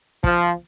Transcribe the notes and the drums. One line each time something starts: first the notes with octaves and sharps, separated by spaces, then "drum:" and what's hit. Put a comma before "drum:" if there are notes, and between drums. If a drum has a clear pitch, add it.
F3, drum: kick